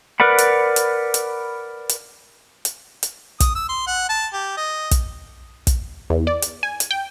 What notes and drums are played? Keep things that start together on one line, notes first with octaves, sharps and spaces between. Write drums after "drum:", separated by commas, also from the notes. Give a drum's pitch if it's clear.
A#4 B4 D5 F#5 B5
drum: hi-hat
drum: hi-hat
drum: hi-hat
drum: hi-hat
drum: hi-hat
drum: hi-hat
D#6, drum: kick, hi-hat
E6
C6
F#5
A5
G4
D#5
drum: kick, hi-hat
drum: kick, hi-hat
E2
D5
drum: hi-hat
G#5
drum: hi-hat
G5